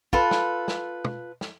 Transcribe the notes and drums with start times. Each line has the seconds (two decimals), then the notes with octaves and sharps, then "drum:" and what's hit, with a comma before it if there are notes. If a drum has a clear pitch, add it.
0.13 F4 A4 B4, drum: kick
0.31 drum: snare
0.68 drum: snare
1.05 drum: tom
1.41 drum: snare